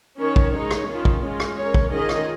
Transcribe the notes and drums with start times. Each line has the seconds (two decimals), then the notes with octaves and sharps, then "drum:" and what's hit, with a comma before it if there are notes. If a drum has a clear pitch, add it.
0.18 D#3 C#4 A#4 C#5
0.36 drum: kick A#1
0.53 G#3 D#4 C#5
0.71 drum: rim click
0.88 D#3 C#4 F4
1.05 drum: kick A#1
1.22 G#3 C#4 F4
1.40 drum: rim click
1.57 C#4 A#4 C#5
1.74 drum: kick A#1
1.92 D#3 C#4 F4 G#4 D#5
2.09 drum: rim click